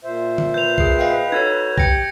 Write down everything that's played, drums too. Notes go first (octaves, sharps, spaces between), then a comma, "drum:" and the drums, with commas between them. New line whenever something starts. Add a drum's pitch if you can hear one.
A#2 C5 E5
drum: tom D3
B4 G6 F7
G#4 C7, drum: kick B1
D#5 F5 G5
D#4 F#4 A4 C#5 G#6
G4 G5 A#6 C#7, drum: kick B1